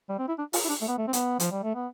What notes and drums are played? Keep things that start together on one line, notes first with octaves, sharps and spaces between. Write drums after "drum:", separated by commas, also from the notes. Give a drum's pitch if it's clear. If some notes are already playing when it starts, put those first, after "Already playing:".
G3
C4
E4
D4
F4, drum: open hi-hat
E4
D4
A3
B3
A3
C4
B3, drum: hi-hat
F3, drum: hi-hat
G3
A3
B3